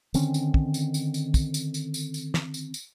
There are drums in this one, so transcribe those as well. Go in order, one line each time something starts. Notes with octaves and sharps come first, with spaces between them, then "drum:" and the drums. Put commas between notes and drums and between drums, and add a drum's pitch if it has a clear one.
D3 D#3 C4 C#4, drum: tambourine
drum: tambourine
drum: kick
drum: tambourine
drum: tambourine
drum: tambourine
drum: kick, tambourine
drum: tambourine
drum: tambourine
drum: tambourine
drum: tambourine
drum: snare
drum: tambourine
drum: tambourine